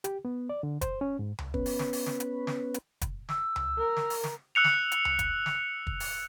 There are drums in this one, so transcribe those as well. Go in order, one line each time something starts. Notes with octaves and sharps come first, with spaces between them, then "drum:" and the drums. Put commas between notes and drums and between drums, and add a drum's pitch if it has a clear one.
G4, drum: hi-hat
B3
D5
D3
C5, drum: kick, hi-hat
C#4
G#2
drum: tom C#2
B3 C#4 B4, drum: kick
drum: open hi-hat
drum: snare
drum: open hi-hat
drum: snare
drum: hi-hat
drum: snare
drum: hi-hat
drum: kick, hi-hat
E6, drum: snare
drum: tom C#2
A#4
drum: snare
drum: open hi-hat
drum: snare
E6 F#6 C#7 F7
drum: snare
drum: hi-hat
drum: tom C#2
drum: kick, hi-hat
drum: snare
drum: kick
drum: open hi-hat